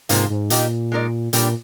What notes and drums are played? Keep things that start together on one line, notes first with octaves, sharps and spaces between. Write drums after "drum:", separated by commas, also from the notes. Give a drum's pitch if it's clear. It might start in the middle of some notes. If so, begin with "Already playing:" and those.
G#2 C3 F3 A#3 F4, drum: hi-hat
G#2
A#2 A#3 D#4 G4, drum: hi-hat
G#3 D#4 A#4 D5
A#2 D3 G3 D4 G4, drum: hi-hat